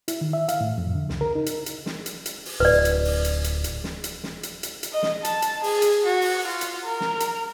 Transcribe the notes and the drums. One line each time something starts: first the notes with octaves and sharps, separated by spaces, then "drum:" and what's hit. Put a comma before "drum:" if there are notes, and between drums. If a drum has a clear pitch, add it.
E4, drum: hi-hat
D#3
E5
F5, drum: hi-hat
A2
F2
D3
C#2, drum: snare
A#4
D#4
drum: hi-hat
drum: hi-hat
drum: snare
drum: hi-hat
drum: hi-hat
drum: open hi-hat
D1 B4 D5
drum: hi-hat
drum: open hi-hat
drum: hi-hat
drum: hi-hat
drum: hi-hat
drum: snare
drum: hi-hat
drum: snare
drum: hi-hat
drum: hi-hat
drum: hi-hat
D#5
drum: snare
A5, drum: hi-hat
drum: hi-hat
G#4, drum: open hi-hat
drum: hi-hat
F#4
drum: open hi-hat
F4
drum: hi-hat
A#4
drum: snare
drum: hi-hat